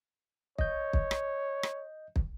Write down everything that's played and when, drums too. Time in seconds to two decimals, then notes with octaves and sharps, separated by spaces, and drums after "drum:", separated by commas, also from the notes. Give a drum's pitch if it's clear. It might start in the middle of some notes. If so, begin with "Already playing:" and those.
0.59 C#5 D#5 G6, drum: kick
0.93 drum: kick
1.11 drum: rim click
1.63 drum: rim click
2.16 drum: kick